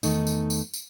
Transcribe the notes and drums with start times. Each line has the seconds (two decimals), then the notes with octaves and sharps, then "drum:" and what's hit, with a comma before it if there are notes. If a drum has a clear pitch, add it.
0.03 E2 D#3 A3 D#4, drum: tambourine
0.27 drum: tambourine
0.50 drum: tambourine
0.74 drum: tambourine